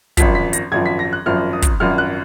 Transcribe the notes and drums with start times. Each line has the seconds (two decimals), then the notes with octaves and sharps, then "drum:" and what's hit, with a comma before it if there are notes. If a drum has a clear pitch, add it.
0.17 G#1 F#2 F3 B6, drum: kick, hi-hat
0.35 B6
0.53 A#6, drum: hi-hat
0.72 G#1 F#2 F3 G#6
0.86 B6
0.99 A#6
1.13 F#6
1.26 G#1 F#2 F3 F6
1.53 D#6
1.62 drum: kick, hi-hat
1.80 G#1 F#2 F3 F6
1.98 F#6